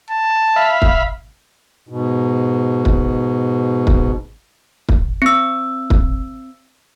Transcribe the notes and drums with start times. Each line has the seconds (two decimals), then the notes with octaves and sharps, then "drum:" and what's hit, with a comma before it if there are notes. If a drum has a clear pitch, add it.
0.11 A5
0.56 E5 F5 B5
0.82 drum: kick
1.89 G#2 B2
2.85 drum: kick
3.87 drum: kick
4.89 drum: kick
5.22 C4 E6
5.90 drum: kick